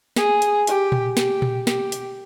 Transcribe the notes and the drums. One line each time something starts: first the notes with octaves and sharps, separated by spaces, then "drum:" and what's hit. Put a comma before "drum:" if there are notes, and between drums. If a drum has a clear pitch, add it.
G#4, drum: snare
drum: hi-hat
G4, drum: hi-hat
drum: tom A#2
G4, drum: snare
drum: tom A#2
G4, drum: snare
drum: hi-hat